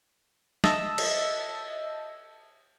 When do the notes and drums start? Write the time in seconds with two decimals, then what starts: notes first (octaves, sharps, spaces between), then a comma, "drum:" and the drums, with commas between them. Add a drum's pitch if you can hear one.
0.64 D#5 E5 A5 E6 A#6, drum: snare
0.98 drum: cymbal